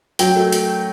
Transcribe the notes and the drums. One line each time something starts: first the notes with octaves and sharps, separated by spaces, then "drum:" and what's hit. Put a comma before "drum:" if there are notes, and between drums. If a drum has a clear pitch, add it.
F#3 G5, drum: hi-hat
A3
drum: hi-hat